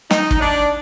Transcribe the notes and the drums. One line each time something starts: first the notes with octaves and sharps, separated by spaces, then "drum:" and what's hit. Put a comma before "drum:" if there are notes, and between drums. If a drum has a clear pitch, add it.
D#4, drum: snare
drum: kick
D4